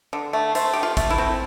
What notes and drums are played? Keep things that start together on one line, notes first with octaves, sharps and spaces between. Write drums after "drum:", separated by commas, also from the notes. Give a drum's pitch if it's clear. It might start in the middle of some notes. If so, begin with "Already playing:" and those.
D3
A3
A3 C5, drum: hi-hat
D3 G4
F4
A3, drum: kick, hi-hat
E4
C4